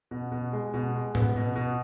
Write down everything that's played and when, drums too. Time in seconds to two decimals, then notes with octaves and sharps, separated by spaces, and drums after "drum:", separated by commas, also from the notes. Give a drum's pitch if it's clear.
0.11 B2
0.32 B2
0.52 G#3
0.74 B2
0.94 G#3
1.15 B3, drum: tom A2
1.36 B2
1.56 B2